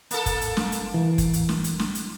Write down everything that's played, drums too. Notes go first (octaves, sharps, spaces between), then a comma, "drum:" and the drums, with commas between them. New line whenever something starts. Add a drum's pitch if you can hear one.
A#3 A4, drum: hi-hat
drum: kick, hi-hat
drum: hi-hat
drum: snare
drum: hi-hat
E3
drum: kick, hi-hat
drum: hi-hat
drum: snare
drum: hi-hat
drum: snare
drum: hi-hat